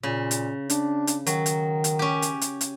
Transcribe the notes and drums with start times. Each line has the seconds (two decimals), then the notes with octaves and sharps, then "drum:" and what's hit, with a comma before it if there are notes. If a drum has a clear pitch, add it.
0.03 A#2 C#3
0.31 drum: hi-hat
0.70 D4, drum: hi-hat
1.07 drum: hi-hat
1.27 D#3 F#3, drum: hi-hat
1.46 drum: hi-hat
1.84 drum: hi-hat
1.99 C#4 G4
2.22 drum: hi-hat
2.41 drum: hi-hat
2.61 drum: hi-hat